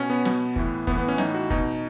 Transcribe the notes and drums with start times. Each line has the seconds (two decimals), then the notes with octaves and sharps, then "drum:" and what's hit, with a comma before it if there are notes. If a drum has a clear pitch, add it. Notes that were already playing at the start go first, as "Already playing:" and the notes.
Already playing: B2 C#4
0.10 B3
0.25 B2, drum: snare
0.56 A2 E3, drum: kick
0.87 A2 E3 B3, drum: kick
0.98 B3
1.08 C#4
1.18 A2 E3 D#4, drum: snare
1.35 F#4
1.50 B2 D#4, drum: kick